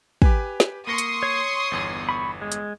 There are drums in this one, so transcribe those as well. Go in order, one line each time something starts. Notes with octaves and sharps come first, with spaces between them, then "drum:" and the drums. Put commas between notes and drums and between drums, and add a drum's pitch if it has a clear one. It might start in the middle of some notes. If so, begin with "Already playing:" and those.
G4 B4 G#5, drum: kick
drum: snare
A#3 C6 C#6 D#6 A#6 C#7
drum: hi-hat
C#5
G1 E2
B5 C#6
G#3
drum: hi-hat